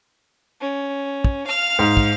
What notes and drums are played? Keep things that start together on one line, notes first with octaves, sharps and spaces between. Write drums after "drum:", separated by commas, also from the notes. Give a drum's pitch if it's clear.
C#4
drum: kick
F5 F6
G#2
drum: kick